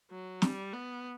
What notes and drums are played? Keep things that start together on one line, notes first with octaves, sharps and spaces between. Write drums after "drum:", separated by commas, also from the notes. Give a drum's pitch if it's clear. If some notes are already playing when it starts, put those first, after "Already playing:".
F#3
G3, drum: snare
B3